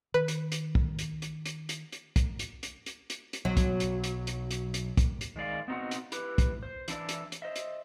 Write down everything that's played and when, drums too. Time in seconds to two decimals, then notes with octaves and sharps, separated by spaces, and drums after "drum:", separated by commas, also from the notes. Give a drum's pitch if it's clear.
0.14 D#3 B4
0.28 drum: hi-hat
0.52 drum: hi-hat
0.75 drum: kick
0.99 drum: hi-hat
1.22 drum: hi-hat
1.46 drum: hi-hat
1.69 drum: hi-hat
1.92 drum: hi-hat
2.16 drum: kick, hi-hat
2.39 drum: hi-hat
2.63 drum: hi-hat
2.86 drum: hi-hat
3.10 drum: hi-hat
3.33 drum: hi-hat
3.45 B1 F#3
3.57 drum: kick, hi-hat
3.80 drum: hi-hat
4.04 drum: hi-hat
4.27 drum: hi-hat
4.51 drum: hi-hat
4.74 drum: hi-hat
4.97 drum: kick, hi-hat
5.21 drum: hi-hat
5.36 D#3 G#3 D5 F5
5.68 B3 C4 D#4 E4 F#4 F#5
5.91 drum: hi-hat
6.12 E4 G4 B4, drum: hi-hat
6.38 drum: kick, hi-hat
6.63 C5
6.88 E3 D4 E4 D5, drum: hi-hat
7.09 drum: hi-hat
7.32 drum: hi-hat
7.42 C5 D#5 E5
7.56 drum: hi-hat